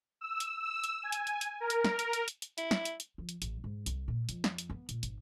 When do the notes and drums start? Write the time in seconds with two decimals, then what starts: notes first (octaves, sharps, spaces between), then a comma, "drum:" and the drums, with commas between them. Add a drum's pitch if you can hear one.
0.21 E6
0.40 drum: hi-hat
0.62 E6
0.84 drum: hi-hat
1.03 G#5
1.12 drum: hi-hat
1.27 drum: hi-hat
1.41 drum: hi-hat
1.60 A#4
1.70 drum: hi-hat
1.84 drum: snare
1.99 drum: hi-hat
2.13 drum: hi-hat
2.28 drum: hi-hat
2.42 drum: hi-hat
2.58 E4, drum: hi-hat
2.71 drum: snare
2.85 drum: hi-hat
3.00 drum: hi-hat
3.18 F3
3.29 drum: hi-hat
3.42 A1, drum: hi-hat
3.64 G#2
3.86 C2, drum: hi-hat
4.08 A#2
4.29 F2, drum: hi-hat
4.44 drum: snare
4.58 drum: hi-hat
4.70 B3
4.89 A#2, drum: hi-hat
5.03 G#1, drum: hi-hat